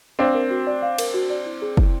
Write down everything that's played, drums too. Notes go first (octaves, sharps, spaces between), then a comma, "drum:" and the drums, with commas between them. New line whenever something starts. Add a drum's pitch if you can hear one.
C4 D4 F5
A#4
F#4
D5
F5
A#4, drum: cymbal
F#4
D5
E4
G#4
E4, drum: kick